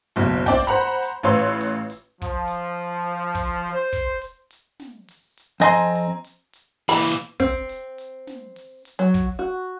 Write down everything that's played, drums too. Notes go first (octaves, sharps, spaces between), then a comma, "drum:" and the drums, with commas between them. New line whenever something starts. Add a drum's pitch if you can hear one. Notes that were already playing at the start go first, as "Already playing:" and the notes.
F#1 B1, drum: hi-hat
C4 D5 G5, drum: kick, hi-hat
C5 F#5 A#5 B5
drum: hi-hat
A1 F4 B4 C#5 C6 E6
drum: open hi-hat
drum: hi-hat
F3, drum: kick, hi-hat
drum: hi-hat
drum: kick, hi-hat
C5
drum: kick, hi-hat
drum: hi-hat
drum: hi-hat
drum: snare
drum: open hi-hat
drum: hi-hat
F2 C4 D#5 G#5 A#5 C6
drum: hi-hat
drum: hi-hat
drum: hi-hat
A#2 E3 B5
drum: hi-hat
C4, drum: kick, hi-hat
drum: hi-hat
drum: hi-hat
drum: snare
drum: open hi-hat
drum: hi-hat
F#3
drum: kick, hi-hat
F#4